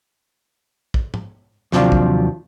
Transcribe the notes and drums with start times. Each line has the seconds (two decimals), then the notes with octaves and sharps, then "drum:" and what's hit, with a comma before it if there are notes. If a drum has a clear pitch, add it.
0.94 drum: kick
1.14 drum: tom G#2
1.72 D#2 C3 F3 F#3 D4 F4, drum: snare
1.92 drum: kick